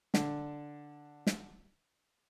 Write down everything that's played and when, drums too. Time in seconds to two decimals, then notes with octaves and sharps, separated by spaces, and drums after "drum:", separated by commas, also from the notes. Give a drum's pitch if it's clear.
0.14 D3 D4, drum: snare
1.27 drum: snare